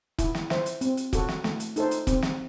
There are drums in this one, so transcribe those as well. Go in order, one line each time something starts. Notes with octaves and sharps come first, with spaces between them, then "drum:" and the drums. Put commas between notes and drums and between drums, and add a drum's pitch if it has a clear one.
E4, drum: kick, hi-hat
drum: snare
C5 E5, drum: snare
drum: hi-hat
C4, drum: hi-hat
drum: hi-hat
F#4 A4, drum: kick, hi-hat
drum: snare
A3, drum: snare
drum: hi-hat
D#4 A4 C5, drum: hi-hat
drum: hi-hat
C4, drum: kick, hi-hat
drum: snare